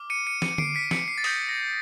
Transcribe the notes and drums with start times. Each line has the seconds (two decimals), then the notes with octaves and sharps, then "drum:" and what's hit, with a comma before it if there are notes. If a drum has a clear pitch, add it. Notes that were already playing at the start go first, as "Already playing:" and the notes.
Already playing: D6 F6
0.10 C#7 D#7
0.27 C#7 D#7
0.42 C#7 D#7, drum: snare
0.58 C7 D7, drum: tom D3
0.75 B6 C#7
0.91 B6 C#7, drum: snare
1.08 C7
1.18 A6
1.24 D#6 G6 A#6, drum: open hi-hat
1.49 A#6